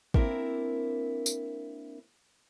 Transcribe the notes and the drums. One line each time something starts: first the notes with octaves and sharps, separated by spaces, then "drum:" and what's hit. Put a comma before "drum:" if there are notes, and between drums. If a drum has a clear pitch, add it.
A#3 C4 D4 E4 A#4, drum: kick
drum: tambourine